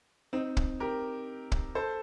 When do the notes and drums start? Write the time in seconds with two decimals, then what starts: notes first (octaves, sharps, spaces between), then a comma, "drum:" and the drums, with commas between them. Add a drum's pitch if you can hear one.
0.33 C4 D#4
0.57 drum: kick
0.80 G4 A#4
1.52 drum: kick
1.75 A4 C5